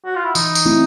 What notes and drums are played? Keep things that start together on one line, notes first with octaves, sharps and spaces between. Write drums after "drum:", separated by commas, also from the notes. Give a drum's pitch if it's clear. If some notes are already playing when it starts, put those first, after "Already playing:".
F#4
F4
E4
E3 D#4, drum: tambourine
drum: tambourine
A3 C4 E4